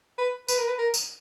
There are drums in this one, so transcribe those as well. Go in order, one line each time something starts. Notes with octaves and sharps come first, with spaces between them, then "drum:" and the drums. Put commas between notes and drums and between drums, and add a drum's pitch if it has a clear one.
B4
B4, drum: tambourine
A#4
B4
A#4
drum: tambourine